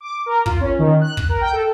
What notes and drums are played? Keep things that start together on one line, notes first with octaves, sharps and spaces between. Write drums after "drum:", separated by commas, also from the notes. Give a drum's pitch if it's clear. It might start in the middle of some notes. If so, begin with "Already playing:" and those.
D6
A#4
F4, drum: kick
C#4
D#3
F#6
drum: kick
A#4
G5
A4